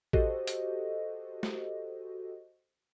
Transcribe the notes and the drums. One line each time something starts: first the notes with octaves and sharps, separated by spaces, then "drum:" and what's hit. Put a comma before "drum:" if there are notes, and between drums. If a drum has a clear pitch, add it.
F#4 G4 A4 C5 D#5, drum: kick
drum: hi-hat
drum: snare